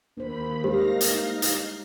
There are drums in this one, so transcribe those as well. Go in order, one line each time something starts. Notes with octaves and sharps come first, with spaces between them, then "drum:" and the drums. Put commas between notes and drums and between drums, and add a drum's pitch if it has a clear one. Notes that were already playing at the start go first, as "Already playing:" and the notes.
D#2 A#3 D4 C5 B5
G3 G#3 D4 D#4 G4 C5 F5 A#6
drum: hi-hat
drum: hi-hat